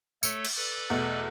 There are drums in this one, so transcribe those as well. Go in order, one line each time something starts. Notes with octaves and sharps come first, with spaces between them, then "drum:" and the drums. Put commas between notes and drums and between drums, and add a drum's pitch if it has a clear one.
A3 A4 C#5 C#7, drum: tambourine
drum: cymbal
A4 B4 D5
E2 B2 A3